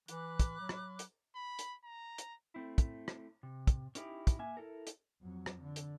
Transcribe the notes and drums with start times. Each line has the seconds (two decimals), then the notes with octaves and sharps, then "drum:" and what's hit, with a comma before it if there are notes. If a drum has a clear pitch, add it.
0.08 E3 B5 D6 F#6, drum: hi-hat
0.39 drum: kick, hi-hat
0.60 F#3
0.69 drum: rim click
0.99 drum: hi-hat
1.36 B5
1.59 drum: hi-hat
1.84 A#5
2.18 drum: hi-hat
2.54 A3 C4 E4
2.78 drum: kick, hi-hat
3.08 drum: rim click
3.43 C3
3.67 drum: kick, hi-hat
3.95 C#4 D#4 E4 G4, drum: hi-hat
4.27 drum: kick, hi-hat
4.39 A#3 E5 G#5
4.57 E4 A4 A#4
4.87 drum: hi-hat
5.21 F2 F#3
5.46 drum: rim click
5.62 D3
5.76 drum: hi-hat